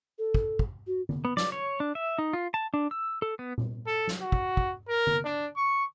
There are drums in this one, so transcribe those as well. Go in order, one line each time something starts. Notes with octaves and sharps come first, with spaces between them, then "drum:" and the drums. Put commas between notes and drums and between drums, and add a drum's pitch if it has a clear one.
A4
drum: kick
drum: kick
F#4
drum: tom D3
B3
D5, drum: snare
C#5
D4
E5
D#4
F4
A5
D4
E6
A4
B3
drum: tom A#2
A4
drum: snare
F#4
drum: kick
drum: kick
A#4
drum: tom D3
D4
C#6